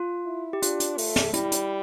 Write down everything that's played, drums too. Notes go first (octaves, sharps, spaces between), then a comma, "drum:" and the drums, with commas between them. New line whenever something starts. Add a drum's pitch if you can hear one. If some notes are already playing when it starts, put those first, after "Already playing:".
Already playing: F4
E4
G4
D4 F4, drum: hi-hat
drum: hi-hat
A3, drum: open hi-hat
drum: snare
G3 E4, drum: hi-hat
drum: hi-hat